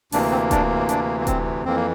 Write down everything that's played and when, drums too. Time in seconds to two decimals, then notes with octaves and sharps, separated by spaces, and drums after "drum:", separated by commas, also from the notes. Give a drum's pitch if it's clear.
0.12 D2 C3 E3 A#3 D4, drum: open hi-hat
0.31 C4
0.51 D4, drum: kick D#1, hi-hat
0.89 D4, drum: hi-hat
1.20 A#3
1.27 C4, drum: kick D#1, hi-hat
1.65 F2 E3 A#3 C4
1.76 A#3